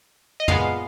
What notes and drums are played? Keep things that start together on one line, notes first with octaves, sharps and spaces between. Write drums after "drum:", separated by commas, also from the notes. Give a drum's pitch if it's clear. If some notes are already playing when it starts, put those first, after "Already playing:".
D#5
A#2 G#3 B3 F5, drum: tom